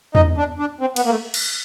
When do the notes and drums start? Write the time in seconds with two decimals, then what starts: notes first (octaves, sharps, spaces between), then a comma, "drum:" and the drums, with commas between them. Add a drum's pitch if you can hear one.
0.15 D#4, drum: tom E2
0.38 D4
0.59 D4
0.81 C4
0.96 B3, drum: cymbal
1.05 A#3
1.11 A3
1.34 drum: cymbal